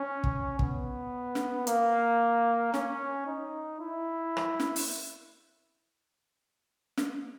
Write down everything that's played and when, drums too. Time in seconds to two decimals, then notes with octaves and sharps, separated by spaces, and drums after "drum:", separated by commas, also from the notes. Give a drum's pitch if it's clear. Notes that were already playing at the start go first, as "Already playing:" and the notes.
Already playing: C#4
0.24 drum: kick
0.59 B3, drum: kick
1.35 drum: snare
1.67 A#3, drum: hi-hat
2.74 C#4, drum: snare
3.27 D#4
3.80 E4
4.37 drum: rim click
4.60 drum: snare
4.76 drum: open hi-hat
6.97 drum: snare